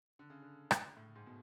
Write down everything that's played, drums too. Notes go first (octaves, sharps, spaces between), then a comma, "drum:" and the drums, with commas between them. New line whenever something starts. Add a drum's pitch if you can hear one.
D3
C#3
D3
drum: rim click
A2
G#2
B2